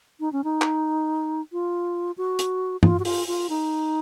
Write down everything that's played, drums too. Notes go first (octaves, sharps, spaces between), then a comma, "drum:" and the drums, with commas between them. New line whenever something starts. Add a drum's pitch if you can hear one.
D#4
C#4
D#4
drum: clap
F4
F#4
drum: hi-hat
F4, drum: tom G2
F#4
F4, drum: open hi-hat
F4
D#4